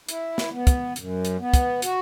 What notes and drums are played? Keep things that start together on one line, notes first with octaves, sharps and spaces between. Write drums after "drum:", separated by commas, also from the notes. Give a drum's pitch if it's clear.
E4, drum: hi-hat
drum: snare
B3
drum: kick, hi-hat
F#2, drum: hi-hat
drum: hi-hat
B3
drum: kick, hi-hat
F#4, drum: hi-hat